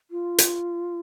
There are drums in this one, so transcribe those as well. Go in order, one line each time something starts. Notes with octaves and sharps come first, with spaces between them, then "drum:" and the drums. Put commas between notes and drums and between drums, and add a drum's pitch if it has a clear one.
F4
drum: hi-hat